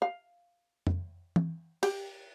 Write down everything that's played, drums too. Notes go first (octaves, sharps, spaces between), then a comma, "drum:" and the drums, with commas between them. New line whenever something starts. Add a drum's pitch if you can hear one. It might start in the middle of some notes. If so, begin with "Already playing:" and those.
F5
drum: tom F2
drum: tom E3
G4, drum: cymbal